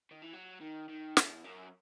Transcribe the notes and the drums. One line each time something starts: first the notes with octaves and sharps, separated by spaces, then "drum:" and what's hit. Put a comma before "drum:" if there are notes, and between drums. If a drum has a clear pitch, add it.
D#3
E3
F#3
D#3
D#3
E2, drum: snare
F#2